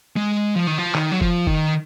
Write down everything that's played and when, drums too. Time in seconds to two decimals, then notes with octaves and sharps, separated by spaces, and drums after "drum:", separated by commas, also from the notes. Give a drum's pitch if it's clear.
0.16 G#3
0.56 F3
0.67 D#3
0.78 F3
0.95 D#3, drum: clap
1.12 F#3
1.21 F3, drum: kick
1.47 D#3, drum: kick